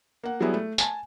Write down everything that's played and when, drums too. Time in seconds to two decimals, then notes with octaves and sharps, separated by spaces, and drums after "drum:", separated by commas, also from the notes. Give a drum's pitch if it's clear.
0.24 A#3 F#5
0.41 F#3 G3 B3 E4 G#4
0.54 A3
0.78 G#5 A5, drum: tambourine